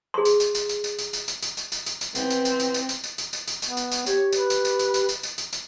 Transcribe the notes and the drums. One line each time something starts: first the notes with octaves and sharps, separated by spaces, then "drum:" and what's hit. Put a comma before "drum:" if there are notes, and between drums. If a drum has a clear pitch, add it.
G#4 C6
drum: tambourine
drum: tambourine
drum: tambourine
drum: tambourine
drum: tambourine
drum: tambourine
drum: tambourine
drum: tambourine
drum: tambourine
drum: tambourine
drum: tambourine
drum: tambourine
drum: tambourine
E3 B3 C4, drum: tambourine
drum: tambourine
drum: tambourine
drum: tambourine
drum: tambourine
drum: tambourine
drum: tambourine
drum: tambourine
drum: tambourine
drum: tambourine
B3, drum: tambourine
drum: tambourine
drum: tambourine
G4 C#5, drum: tambourine
B4, drum: tambourine
drum: tambourine
drum: tambourine
drum: tambourine
drum: tambourine
drum: tambourine
drum: tambourine
drum: tambourine
drum: tambourine